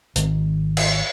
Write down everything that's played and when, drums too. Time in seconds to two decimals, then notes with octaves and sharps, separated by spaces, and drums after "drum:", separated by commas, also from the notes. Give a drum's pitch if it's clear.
0.16 G#1 D#3, drum: hi-hat
0.77 drum: cymbal